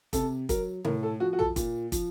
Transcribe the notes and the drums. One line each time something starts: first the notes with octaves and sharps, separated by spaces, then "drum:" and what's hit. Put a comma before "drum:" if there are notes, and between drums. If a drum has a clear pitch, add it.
C3 A4, drum: kick, hi-hat
F#3 A#4, drum: kick, hi-hat
A2 A#4, drum: tom C3
A4
F3 F#4
F#4
A4, drum: tom B1
A#2, drum: kick, hi-hat
F3, drum: kick, hi-hat